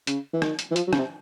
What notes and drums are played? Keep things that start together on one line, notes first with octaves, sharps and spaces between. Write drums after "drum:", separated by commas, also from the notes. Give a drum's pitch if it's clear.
C#3, drum: hi-hat
E3
D#3, drum: rim click
drum: hi-hat
E3
F3, drum: hi-hat
F#3
C#3, drum: rim click
C3